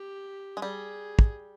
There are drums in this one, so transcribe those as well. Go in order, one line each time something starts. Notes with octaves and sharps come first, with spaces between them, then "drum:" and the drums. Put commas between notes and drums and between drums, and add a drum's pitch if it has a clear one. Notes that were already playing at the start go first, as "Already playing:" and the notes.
Already playing: G4
G#3
G3 G#4
drum: kick